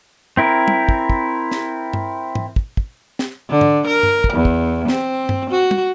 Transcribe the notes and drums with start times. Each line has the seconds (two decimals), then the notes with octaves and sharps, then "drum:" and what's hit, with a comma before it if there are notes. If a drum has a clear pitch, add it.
0.37 C4 E4 A#4
0.68 drum: tom
0.89 drum: kick
1.10 drum: kick
1.52 drum: snare
1.93 drum: tom G2
2.35 drum: tom G#2
2.56 drum: kick
2.77 drum: kick
3.19 drum: snare
3.50 D3
3.61 drum: tom G#2
3.87 A#4
4.03 drum: tom G2
4.24 drum: kick
4.33 E2
4.45 drum: kick
4.88 C4, drum: snare
5.29 drum: tom G2
5.50 F#4
5.71 drum: tom